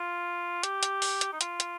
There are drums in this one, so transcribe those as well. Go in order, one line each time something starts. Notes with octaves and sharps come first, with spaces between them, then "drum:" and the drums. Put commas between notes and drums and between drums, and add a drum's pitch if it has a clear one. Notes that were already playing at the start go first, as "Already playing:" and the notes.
Already playing: F4
G4, drum: hi-hat
drum: hi-hat
drum: open hi-hat
drum: hi-hat
D#4
F4, drum: hi-hat
drum: hi-hat